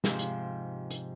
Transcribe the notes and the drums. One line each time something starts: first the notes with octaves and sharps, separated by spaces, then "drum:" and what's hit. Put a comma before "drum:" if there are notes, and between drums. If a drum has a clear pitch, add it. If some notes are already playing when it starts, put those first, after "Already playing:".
G#2 C3 F3, drum: snare
drum: hi-hat
drum: hi-hat